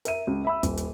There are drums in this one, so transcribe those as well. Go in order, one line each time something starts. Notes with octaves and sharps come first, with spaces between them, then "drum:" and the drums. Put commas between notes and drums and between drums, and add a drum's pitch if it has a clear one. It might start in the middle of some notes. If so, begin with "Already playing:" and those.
A#4 E5 D#7, drum: hi-hat
C#2
E5 B5 E6
D#1, drum: kick, hi-hat
drum: hi-hat